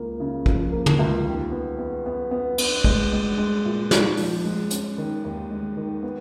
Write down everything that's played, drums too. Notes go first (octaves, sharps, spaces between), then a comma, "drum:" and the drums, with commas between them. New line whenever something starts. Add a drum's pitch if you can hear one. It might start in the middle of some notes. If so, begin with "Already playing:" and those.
Already playing: C#2 A#3
C#3
F3, drum: kick
A#3
drum: tom
C#2
D#2
B3
B3
B3
B3
B3, drum: cymbal
G#3, drum: kick
G#3
G#3
A#2
D#4, drum: snare
F3, drum: open hi-hat
G#3
C#4, drum: hi-hat
D#3
D#2
G#3
D#3
B3